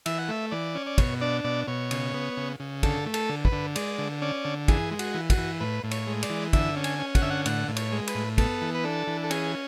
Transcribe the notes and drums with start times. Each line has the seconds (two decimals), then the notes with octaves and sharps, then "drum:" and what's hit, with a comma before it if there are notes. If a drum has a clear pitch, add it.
0.06 E3 E5, drum: cymbal
0.18 F#5
0.28 A3 E5
0.51 E3 D5
0.75 C#4
0.86 D5
0.98 B2 C#5, drum: kick, cymbal
1.21 D4 D5
1.44 B2 D5
1.67 B2 C#5
1.91 C#3, drum: cymbal
2.14 B3
2.37 C#3
2.60 C#3
2.83 D3 A4, drum: kick, cymbal
3.06 A3
3.14 A4, drum: cymbal
3.29 D3
3.45 B4, drum: kick
3.52 D3
3.76 G#3 D5, drum: cymbal
3.98 D3
4.22 C#4 D5
4.45 D3
4.68 E3 G#4, drum: kick, cymbal
4.91 G#3
4.99 F#4, drum: cymbal
5.14 E3
5.30 F#4, drum: kick, cymbal
5.38 E3
5.60 A2 B4
5.84 A2
5.91 C#5, drum: cymbal
6.07 G#3
6.23 D5, drum: cymbal
6.30 E3
6.53 D3 E5, drum: kick, cymbal
6.77 C#4
6.84 G#5, drum: cymbal
6.99 C#4
7.15 F#5, drum: kick, cymbal
7.22 D3 E5
7.30 F#5
7.46 A2 F#5, drum: cymbal
7.68 A2
7.76 C#5, drum: cymbal
7.92 G#3
8.07 B4, drum: cymbal
8.15 A2
8.38 B3 A4, drum: kick, cymbal
8.61 E3
8.75 B4
8.84 D4 A4
9.07 E3
9.24 A4
9.31 C#4 G#4, drum: cymbal